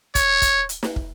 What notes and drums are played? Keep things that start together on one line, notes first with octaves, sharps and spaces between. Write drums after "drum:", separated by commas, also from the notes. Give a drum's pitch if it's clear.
C#5, drum: kick, hi-hat
drum: kick, hi-hat
drum: hi-hat
drum: snare
drum: kick